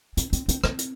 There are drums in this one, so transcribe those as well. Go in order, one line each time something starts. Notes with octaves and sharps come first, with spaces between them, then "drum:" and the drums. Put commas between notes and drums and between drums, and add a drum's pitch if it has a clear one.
C4, drum: hi-hat
C4, drum: hi-hat
C4, drum: hi-hat
C4, drum: rim click
drum: hi-hat